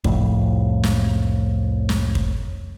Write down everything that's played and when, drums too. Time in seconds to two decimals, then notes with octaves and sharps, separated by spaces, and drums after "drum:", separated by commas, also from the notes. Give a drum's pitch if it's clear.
0.04 C2 F2 A2, drum: kick
0.83 drum: snare
1.89 drum: snare
2.15 drum: kick